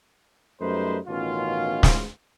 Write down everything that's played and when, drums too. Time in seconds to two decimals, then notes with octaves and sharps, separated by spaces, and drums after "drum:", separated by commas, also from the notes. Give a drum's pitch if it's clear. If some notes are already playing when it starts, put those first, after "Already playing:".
0.61 F#2 G3 A3 D#4 B4 C5
1.08 A1 B2 D#3 C#4 F4
1.83 drum: snare